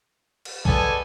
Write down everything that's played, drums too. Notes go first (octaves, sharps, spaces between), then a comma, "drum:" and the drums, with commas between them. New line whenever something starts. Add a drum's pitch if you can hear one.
drum: cymbal
G#3 B3 A4 D5 G#5, drum: kick